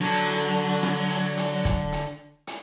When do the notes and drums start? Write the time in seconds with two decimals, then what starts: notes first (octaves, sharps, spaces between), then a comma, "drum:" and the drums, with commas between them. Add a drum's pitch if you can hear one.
0.01 D3 F#3 A4
0.28 drum: hi-hat
0.83 drum: rim click
1.10 drum: hi-hat
1.38 drum: hi-hat
1.65 drum: kick, hi-hat
1.92 drum: hi-hat
2.47 drum: hi-hat